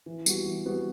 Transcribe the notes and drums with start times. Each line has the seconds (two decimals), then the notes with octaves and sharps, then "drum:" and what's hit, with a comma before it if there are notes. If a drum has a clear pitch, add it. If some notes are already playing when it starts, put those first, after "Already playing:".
0.06 E3
0.26 G3 B3 F#4, drum: tambourine
0.46 E3
0.66 G3 B3 F#4